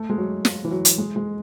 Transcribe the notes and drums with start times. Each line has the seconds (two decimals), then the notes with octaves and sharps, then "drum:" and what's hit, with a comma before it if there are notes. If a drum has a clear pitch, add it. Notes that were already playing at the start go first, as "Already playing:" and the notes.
Already playing: A3
0.10 G#3
0.18 F#3
0.45 drum: snare
0.65 E3
0.71 F#3
0.85 drum: hi-hat
0.98 G#3
1.16 G#3